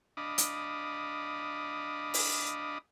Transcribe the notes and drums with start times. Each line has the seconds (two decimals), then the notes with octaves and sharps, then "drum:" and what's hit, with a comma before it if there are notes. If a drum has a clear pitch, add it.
0.17 D4 D#5 F5 B5 D6 D#6
0.38 drum: hi-hat
2.14 drum: open hi-hat